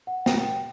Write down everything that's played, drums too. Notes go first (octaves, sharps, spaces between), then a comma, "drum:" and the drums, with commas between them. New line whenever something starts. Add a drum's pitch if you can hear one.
F#5
G5, drum: snare